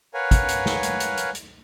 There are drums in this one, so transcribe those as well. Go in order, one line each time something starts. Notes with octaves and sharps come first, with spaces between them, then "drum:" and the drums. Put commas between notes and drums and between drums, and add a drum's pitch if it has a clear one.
A#4 B4 C#5 F5 F#5 G#5
drum: kick, hi-hat
drum: hi-hat
drum: snare
drum: hi-hat
drum: hi-hat
drum: hi-hat
drum: hi-hat